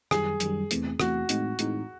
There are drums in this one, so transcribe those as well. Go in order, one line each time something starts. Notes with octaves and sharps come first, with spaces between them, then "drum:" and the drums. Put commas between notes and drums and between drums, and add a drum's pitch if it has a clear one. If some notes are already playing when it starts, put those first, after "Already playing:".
F#2 D#3 G3 G#4, drum: rim click
F#2 D#3 G3, drum: hi-hat
E2 C3 E3 A3, drum: hi-hat
E2 C3 E3 A3 F#4, drum: rim click
A2 E3 G#3 C4 D#4, drum: hi-hat
A2 E3 G#3 C4 D#4, drum: hi-hat